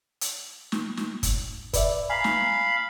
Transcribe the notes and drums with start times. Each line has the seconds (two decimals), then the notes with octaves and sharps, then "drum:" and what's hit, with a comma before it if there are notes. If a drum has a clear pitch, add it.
0.21 drum: hi-hat
0.72 drum: snare
0.97 drum: snare
1.23 drum: kick, hi-hat
1.73 B4 D5 E5, drum: kick, hi-hat
2.10 F5 G#5 A#5 B5
2.24 drum: snare